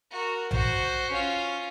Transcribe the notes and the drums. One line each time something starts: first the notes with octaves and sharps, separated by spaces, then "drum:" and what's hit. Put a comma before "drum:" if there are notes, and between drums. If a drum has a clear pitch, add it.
F#4 A#4
F#4 C5, drum: tom A#1
C#4 F4